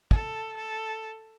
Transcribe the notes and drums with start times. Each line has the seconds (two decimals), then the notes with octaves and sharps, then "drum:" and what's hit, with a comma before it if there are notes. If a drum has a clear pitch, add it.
0.11 A4, drum: kick
0.57 A4